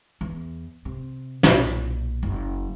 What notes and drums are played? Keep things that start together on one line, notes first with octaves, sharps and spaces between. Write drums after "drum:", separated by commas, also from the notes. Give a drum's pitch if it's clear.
E2
C3
B1 A#2, drum: snare
F#1